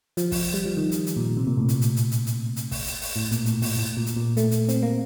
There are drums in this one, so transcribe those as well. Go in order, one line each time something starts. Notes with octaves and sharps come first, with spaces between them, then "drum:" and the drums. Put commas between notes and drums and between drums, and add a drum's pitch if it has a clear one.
F3, drum: hi-hat
drum: kick, open hi-hat
G3
F3
D#3
drum: hi-hat
drum: hi-hat
A#2
C3
A#2
A2
A#2, drum: hi-hat
drum: hi-hat
drum: hi-hat
drum: hi-hat
drum: hi-hat
drum: hi-hat
drum: kick, open hi-hat
drum: hi-hat
drum: open hi-hat
A2
A#2, drum: hi-hat
A2, drum: hi-hat
A#2, drum: open hi-hat
A2
A#2
drum: hi-hat
A#2
A3, drum: hi-hat
drum: hi-hat
C4, drum: hi-hat
A#3